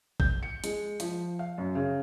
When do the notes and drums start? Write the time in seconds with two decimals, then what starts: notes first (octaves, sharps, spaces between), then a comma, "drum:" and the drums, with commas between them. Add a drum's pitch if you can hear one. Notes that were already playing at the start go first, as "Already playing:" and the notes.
0.20 G6, drum: kick
0.43 C#7
0.64 G#3, drum: hi-hat
1.00 F3, drum: hi-hat
1.39 F5
1.58 F#2
1.75 C#3